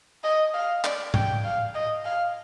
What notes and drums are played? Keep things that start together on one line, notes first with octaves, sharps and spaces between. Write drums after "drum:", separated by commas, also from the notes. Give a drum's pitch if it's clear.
D#5
F5
D5, drum: clap
G5, drum: tom G#2
F5
D#5
F5